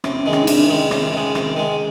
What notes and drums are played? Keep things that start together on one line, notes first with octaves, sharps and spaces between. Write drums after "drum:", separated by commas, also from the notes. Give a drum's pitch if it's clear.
C3 C#4, drum: rim click
C#4
D#3 G#3
C#4, drum: rim click
D#4
C3 D4, drum: cymbal
D#3 G#3
C3 C#4, drum: rim click
D#3 G#3
C3, drum: rim click
D#3 G#3